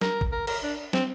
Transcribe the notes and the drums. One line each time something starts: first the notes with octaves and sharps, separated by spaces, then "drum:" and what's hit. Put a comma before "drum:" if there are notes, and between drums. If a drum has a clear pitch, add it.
A#4, drum: snare
drum: kick
A#4
A#4, drum: cymbal
D4
C4, drum: snare